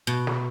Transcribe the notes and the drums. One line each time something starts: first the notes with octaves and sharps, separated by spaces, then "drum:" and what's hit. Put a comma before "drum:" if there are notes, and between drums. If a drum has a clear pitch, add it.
B2
drum: snare